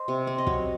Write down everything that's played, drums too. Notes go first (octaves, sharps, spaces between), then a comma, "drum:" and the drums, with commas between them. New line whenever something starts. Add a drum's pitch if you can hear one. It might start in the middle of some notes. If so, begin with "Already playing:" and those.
Already playing: C5 D#5
C3
C4
D#5
F#3 C#5, drum: kick